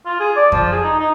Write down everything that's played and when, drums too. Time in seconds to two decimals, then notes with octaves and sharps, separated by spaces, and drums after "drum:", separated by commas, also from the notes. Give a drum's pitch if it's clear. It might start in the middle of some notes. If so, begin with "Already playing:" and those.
0.06 F4
0.20 G#4
0.36 D5
0.52 F3, drum: kick F2
0.72 G#4
0.84 D#4
1.00 D#4